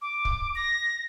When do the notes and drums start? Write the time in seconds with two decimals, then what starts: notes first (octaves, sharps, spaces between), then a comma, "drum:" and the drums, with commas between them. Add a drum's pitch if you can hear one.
0.02 D6
0.25 drum: kick
0.56 A#6